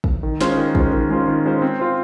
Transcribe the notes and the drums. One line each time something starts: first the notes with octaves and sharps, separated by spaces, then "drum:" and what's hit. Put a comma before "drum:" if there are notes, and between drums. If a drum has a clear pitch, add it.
drum: kick
D#3
G#3 C#4 F4 C5, drum: snare
D#3
G#3 C#4 F4 C5, drum: kick
D#3
G#3 C#4 F4 C5
D#3
G#3 C#4 F4 C5
C4
F4 C5